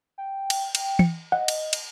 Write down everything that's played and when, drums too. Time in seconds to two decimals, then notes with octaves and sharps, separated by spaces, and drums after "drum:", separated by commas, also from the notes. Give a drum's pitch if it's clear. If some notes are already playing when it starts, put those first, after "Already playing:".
0.18 G5
0.50 drum: cymbal
0.75 drum: cymbal
0.99 C#7, drum: tom
1.32 D#5 F#5
1.48 drum: cymbal
1.73 drum: cymbal